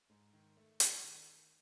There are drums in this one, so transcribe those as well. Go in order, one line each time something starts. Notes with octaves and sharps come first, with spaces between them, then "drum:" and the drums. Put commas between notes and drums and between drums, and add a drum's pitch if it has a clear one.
G#2
D#3
A3
A3, drum: hi-hat
D#3